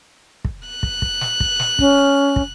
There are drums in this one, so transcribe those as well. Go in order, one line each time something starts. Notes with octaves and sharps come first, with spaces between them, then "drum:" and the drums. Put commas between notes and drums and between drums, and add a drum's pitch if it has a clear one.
drum: kick
F#6
drum: kick
drum: kick
drum: snare
drum: kick
drum: snare
C#4, drum: kick
drum: kick